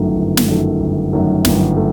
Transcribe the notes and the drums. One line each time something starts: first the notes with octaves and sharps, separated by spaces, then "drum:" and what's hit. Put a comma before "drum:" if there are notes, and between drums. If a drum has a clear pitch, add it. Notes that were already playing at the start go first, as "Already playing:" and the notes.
Already playing: G1 F#2 D#3 F#3 A3
G1
drum: snare
F#2 D#3 F#3 A3
G1
F#2 D#3 F#3 A3
G1, drum: snare
A3